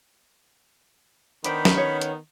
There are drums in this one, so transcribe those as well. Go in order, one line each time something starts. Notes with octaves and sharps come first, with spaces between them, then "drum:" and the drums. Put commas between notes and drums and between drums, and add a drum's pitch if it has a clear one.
D#3 B3 D4 C5 G5 B5, drum: hi-hat
drum: snare
C#4 C#5
drum: hi-hat